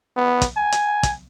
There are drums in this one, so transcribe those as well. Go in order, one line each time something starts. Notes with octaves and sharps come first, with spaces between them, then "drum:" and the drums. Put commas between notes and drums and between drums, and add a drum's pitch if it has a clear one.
B3
drum: kick, hi-hat
G#5
drum: hi-hat
drum: kick, hi-hat